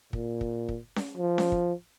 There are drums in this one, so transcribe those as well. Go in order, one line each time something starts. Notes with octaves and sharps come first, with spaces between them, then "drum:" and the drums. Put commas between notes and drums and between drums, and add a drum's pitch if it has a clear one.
A#2, drum: kick
drum: kick
drum: kick
drum: snare C#4
F3
drum: snare C#4
drum: kick